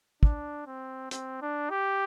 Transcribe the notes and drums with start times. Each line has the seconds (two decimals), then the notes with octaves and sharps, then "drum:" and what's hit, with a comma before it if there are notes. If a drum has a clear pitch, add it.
0.23 D4, drum: kick
0.67 C4
1.11 C4, drum: hi-hat
1.42 D4
1.70 G4